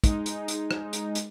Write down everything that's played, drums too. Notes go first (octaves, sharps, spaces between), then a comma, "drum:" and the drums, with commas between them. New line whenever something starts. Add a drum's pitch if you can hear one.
G#3 D#4, drum: kick, hi-hat
drum: hi-hat
drum: hi-hat
drum: rim click
drum: hi-hat
drum: hi-hat